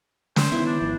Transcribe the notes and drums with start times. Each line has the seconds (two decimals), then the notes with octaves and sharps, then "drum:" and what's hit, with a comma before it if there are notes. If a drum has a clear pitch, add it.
0.36 C5, drum: snare
0.52 D#3 B3 E4
0.66 D4
0.82 G#1 F3 B3